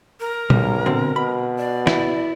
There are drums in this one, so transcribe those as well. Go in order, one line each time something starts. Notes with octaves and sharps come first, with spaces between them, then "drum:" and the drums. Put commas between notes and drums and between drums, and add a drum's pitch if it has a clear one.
A#4
B1 G3, drum: tom
B2 D3 C4
B2 B5
D5
E4, drum: snare